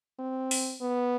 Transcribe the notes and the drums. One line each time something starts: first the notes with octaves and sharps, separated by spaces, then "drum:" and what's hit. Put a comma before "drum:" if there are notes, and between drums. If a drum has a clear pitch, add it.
C4
drum: open hi-hat
B3